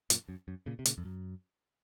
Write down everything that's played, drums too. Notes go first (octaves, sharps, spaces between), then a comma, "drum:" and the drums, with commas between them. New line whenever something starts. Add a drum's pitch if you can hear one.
F#2 A#2, drum: hi-hat
F#2
F#2
A#2 C#3
C3
A#2 C#3, drum: hi-hat
F2
F#2